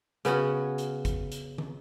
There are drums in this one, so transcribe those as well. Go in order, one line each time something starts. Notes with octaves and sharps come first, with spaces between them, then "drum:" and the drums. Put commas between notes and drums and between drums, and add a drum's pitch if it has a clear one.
C#3 B3 C#4 F#4, drum: hi-hat
drum: hi-hat
drum: kick G1, hi-hat
drum: hi-hat
drum: tom